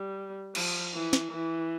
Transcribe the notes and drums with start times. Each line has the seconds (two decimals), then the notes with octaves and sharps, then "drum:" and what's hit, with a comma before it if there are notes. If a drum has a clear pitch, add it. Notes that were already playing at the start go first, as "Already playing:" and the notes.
Already playing: G3
0.55 F3, drum: cymbal
0.94 E3
1.13 drum: snare
1.32 E3